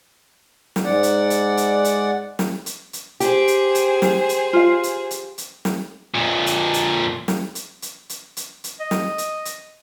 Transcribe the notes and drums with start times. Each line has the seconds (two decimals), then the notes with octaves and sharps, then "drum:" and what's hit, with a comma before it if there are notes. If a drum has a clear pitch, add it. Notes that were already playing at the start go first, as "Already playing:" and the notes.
0.76 drum: snare
0.85 G#2 D5 F#5
1.03 drum: hi-hat
1.30 drum: hi-hat
1.57 drum: hi-hat
1.85 drum: hi-hat
2.39 drum: snare
2.66 drum: hi-hat
2.93 drum: hi-hat
3.20 G4 G#4 C5, drum: hi-hat
3.48 drum: hi-hat
3.75 drum: hi-hat
4.02 drum: snare
4.29 drum: hi-hat
4.53 F4 F5
4.83 drum: hi-hat
5.11 drum: hi-hat
5.38 drum: hi-hat
5.65 drum: snare
6.15 F2 A#2
6.46 drum: hi-hat
6.74 drum: hi-hat
7.28 drum: snare
7.55 drum: hi-hat
7.82 drum: hi-hat
8.09 drum: hi-hat
8.37 drum: hi-hat
8.64 drum: hi-hat
8.80 D#5
8.91 drum: snare
9.18 drum: hi-hat
9.45 drum: hi-hat